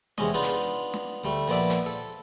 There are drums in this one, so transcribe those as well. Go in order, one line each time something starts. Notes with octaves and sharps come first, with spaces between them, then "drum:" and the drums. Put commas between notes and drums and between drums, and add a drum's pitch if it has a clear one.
E2 C3 G#3 C#4 D#5, drum: snare
B3 D4 D#4 F4
drum: hi-hat
drum: snare
D2 G3 A3
A#2 F3 B3 D5 E5
drum: hi-hat
A4